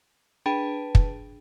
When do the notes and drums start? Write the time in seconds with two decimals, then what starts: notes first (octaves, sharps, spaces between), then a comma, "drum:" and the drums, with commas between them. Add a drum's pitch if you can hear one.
0.46 D4 G#4 B4 G5 A5 B5
0.95 drum: kick